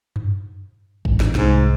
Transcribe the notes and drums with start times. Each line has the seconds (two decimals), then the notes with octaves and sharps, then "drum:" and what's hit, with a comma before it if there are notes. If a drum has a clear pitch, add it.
0.16 drum: tom F#2
1.05 D#1 A1 G#2, drum: kick
1.20 drum: snare
1.35 C2 G#2, drum: snare